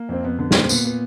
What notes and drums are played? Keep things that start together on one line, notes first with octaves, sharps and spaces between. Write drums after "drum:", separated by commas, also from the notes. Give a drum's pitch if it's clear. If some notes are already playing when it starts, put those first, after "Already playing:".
Already playing: A#3
F2 C4
F2 B3
D3 B3
C#4, drum: snare
A#2 C4
A#2 B3, drum: tambourine
B3